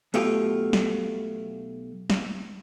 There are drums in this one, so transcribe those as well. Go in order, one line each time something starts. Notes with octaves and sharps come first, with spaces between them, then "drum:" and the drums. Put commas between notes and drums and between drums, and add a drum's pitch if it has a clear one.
B1 B2 A3 F4 G4, drum: cymbal
drum: snare
drum: snare